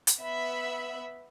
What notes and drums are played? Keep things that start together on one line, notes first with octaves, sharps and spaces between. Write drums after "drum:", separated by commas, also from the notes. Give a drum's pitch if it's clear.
drum: hi-hat
B3 E5 B5